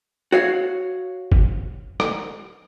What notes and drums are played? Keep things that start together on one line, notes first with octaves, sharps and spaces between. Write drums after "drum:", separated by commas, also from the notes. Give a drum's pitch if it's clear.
F#4 C#5 F5
drum: kick G1
drum: rim click